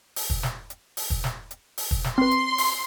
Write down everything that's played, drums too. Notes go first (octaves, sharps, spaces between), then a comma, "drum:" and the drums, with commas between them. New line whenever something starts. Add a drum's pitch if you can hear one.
drum: open hi-hat
drum: kick
drum: snare
drum: hi-hat
drum: open hi-hat
drum: kick
drum: snare
drum: hi-hat
drum: open hi-hat
drum: kick
drum: snare
C4 B4 C6
drum: hi-hat
drum: open hi-hat